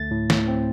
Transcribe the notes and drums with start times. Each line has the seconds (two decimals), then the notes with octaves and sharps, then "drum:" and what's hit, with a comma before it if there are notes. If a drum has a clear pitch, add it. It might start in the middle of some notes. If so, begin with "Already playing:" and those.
Already playing: D2 A3 A6
0.11 A2
0.30 A2, drum: snare
0.48 C4